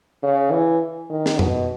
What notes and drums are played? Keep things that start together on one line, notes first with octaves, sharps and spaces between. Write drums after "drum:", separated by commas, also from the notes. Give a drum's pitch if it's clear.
C#3
E3
D#3
drum: snare
B2, drum: tom F2